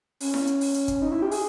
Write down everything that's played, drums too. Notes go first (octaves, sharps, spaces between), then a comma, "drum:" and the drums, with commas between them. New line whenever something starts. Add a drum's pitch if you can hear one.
C#4, drum: open hi-hat
drum: snare E4
drum: hi-hat
drum: open hi-hat
drum: hi-hat
drum: kick, hi-hat
D#4
E4
G4
G#4, drum: open hi-hat